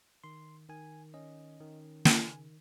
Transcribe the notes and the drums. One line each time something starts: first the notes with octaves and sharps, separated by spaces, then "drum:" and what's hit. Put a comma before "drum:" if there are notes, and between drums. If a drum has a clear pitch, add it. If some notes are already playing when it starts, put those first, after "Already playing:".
D#3 C6
D#3 G#5
C#4 D#5
D#3
C#3 G#5, drum: snare